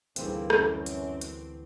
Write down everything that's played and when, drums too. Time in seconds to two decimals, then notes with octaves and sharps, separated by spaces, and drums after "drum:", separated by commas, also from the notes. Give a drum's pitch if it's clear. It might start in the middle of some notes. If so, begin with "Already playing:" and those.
0.16 D2 G2 E3 G3 A#3 C4 D#4 G#4, drum: hi-hat
0.50 F#2 A3 C4, drum: rim click
0.86 drum: hi-hat
1.21 drum: hi-hat